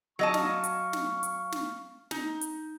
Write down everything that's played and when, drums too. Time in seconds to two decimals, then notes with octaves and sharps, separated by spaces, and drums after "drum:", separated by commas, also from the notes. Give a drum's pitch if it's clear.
0.19 F#3 D#5 F5 A5 C#6
0.34 drum: snare
0.64 drum: hi-hat
0.93 drum: snare
1.23 drum: hi-hat
1.52 drum: snare
2.11 D#4, drum: snare
2.41 drum: hi-hat